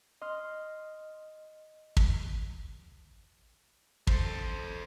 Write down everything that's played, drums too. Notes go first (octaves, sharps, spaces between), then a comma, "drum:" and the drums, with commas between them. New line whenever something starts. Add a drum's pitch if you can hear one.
D#5 C6 F6
drum: kick
A4 C5, drum: kick